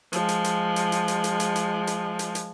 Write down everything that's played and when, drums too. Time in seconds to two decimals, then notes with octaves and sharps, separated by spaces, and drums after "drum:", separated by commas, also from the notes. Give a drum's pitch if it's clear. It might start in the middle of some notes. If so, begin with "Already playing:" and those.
0.13 F3 G#3, drum: hi-hat
0.29 drum: hi-hat
0.44 drum: hi-hat
0.76 drum: hi-hat
0.92 drum: hi-hat
1.08 drum: hi-hat
1.24 drum: hi-hat
1.40 drum: hi-hat
1.56 drum: hi-hat
1.87 drum: hi-hat
2.19 drum: hi-hat
2.35 drum: hi-hat